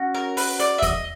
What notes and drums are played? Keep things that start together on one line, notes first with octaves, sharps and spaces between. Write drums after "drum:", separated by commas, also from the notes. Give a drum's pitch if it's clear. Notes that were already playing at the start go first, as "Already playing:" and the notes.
Already playing: C#4 F#4
A#4
B4, drum: open hi-hat
D5, drum: hi-hat
E5
D#5, drum: kick E2, hi-hat